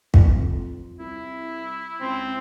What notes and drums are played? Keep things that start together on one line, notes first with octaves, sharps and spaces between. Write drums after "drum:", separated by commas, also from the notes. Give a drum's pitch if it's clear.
F2, drum: kick
C2 E4
C#2 C4